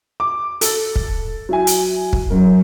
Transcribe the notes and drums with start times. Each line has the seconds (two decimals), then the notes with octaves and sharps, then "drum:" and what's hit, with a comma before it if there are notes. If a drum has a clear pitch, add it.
0.20 D6
0.61 A4 E6 A6, drum: hi-hat
0.96 drum: kick
1.49 F#3 E4 G#5
1.67 drum: hi-hat
2.13 drum: kick
2.30 F#2 A#4